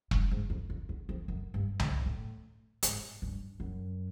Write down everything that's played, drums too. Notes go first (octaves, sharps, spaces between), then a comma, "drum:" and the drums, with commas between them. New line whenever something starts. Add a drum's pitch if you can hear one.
G2, drum: kick E1
G#2
F2
F2
E2
F2
F#2
G2
G#2, drum: tom C2
A2
G#2, drum: hi-hat
G2
F#2